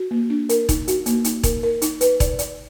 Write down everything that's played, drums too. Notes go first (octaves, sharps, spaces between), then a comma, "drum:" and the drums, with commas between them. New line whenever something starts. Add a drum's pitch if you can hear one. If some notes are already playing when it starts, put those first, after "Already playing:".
Already playing: F#4
A#3
D4
A#4, drum: hi-hat
D#4, drum: kick E1, hi-hat
F#4, drum: hi-hat
A#3, drum: hi-hat
D#4, drum: hi-hat
A#4, drum: kick E1, hi-hat
A#4
D#4, drum: hi-hat
B4, drum: hi-hat
D5, drum: kick E1, hi-hat
D5, drum: hi-hat